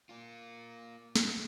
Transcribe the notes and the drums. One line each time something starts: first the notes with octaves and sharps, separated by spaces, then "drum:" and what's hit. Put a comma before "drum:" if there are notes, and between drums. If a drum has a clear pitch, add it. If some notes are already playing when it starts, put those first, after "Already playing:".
A#3 F4
drum: snare